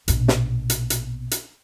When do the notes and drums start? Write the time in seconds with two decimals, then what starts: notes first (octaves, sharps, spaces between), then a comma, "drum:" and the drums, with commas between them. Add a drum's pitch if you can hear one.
0.08 A#1 B2, drum: hi-hat
0.28 drum: snare
0.70 drum: hi-hat
0.90 drum: hi-hat
1.31 drum: hi-hat